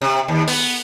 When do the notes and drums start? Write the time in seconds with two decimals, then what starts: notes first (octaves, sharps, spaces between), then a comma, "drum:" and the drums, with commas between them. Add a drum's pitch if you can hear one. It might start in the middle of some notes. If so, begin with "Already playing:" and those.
0.01 C3
0.28 D#2
0.48 B3, drum: open hi-hat